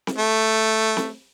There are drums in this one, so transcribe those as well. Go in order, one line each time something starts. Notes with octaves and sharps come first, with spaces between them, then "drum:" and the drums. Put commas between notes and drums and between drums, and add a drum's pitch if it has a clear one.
drum: snare C4
A3
drum: snare C4